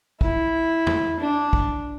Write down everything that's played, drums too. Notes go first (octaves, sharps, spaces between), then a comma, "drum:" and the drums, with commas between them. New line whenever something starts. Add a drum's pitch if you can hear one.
E4, drum: kick
drum: tom E2
D4
drum: kick